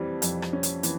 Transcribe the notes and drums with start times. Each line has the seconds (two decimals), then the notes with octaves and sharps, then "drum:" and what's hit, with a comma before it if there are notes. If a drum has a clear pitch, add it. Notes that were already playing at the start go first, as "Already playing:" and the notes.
Already playing: F2 E3 G3
0.22 F2, drum: hi-hat
0.42 drum: rim click
0.53 C#4
0.63 drum: hi-hat
0.83 E3, drum: hi-hat